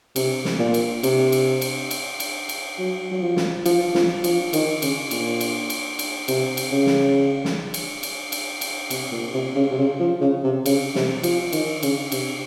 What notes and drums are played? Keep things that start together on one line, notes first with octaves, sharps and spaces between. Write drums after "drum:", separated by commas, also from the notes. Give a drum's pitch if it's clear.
C3, drum: cymbal
drum: snare
A#2
drum: cymbal
C3, drum: cymbal
drum: cymbal
drum: cymbal
drum: cymbal
drum: cymbal
drum: cymbal
F#3
F#3
F3
drum: snare
F3, drum: cymbal
F3, drum: snare
F3, drum: cymbal
D#3, drum: cymbal
C#3, drum: cymbal
A#2, drum: cymbal
drum: cymbal
drum: cymbal
drum: cymbal
C3, drum: cymbal
drum: cymbal
C#3
drum: snare
drum: snare
drum: cymbal
drum: cymbal
drum: cymbal
drum: cymbal
C3, drum: cymbal
A#2
C3
C#3
C3
C#3
F3
C#3
C3
C#3, drum: cymbal
C3, drum: snare
F3, drum: cymbal
D#3, drum: cymbal
C#3, drum: cymbal
C3, drum: cymbal